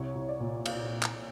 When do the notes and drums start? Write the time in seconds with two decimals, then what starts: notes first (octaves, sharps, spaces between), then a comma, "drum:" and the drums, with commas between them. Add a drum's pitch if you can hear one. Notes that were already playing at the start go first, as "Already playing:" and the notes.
Already playing: C2 C#5
0.15 C2
0.29 D5
0.40 A#2
0.66 F5, drum: cymbal
1.03 drum: clap